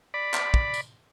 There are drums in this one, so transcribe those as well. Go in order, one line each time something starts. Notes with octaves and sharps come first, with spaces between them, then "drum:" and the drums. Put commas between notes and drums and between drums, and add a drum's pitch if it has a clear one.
D5 B5
drum: clap
drum: kick
drum: tambourine